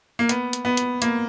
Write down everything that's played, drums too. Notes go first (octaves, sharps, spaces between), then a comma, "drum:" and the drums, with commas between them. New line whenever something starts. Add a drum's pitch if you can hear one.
A#3
B3, drum: hi-hat
drum: hi-hat
B3
drum: hi-hat
A#3, drum: hi-hat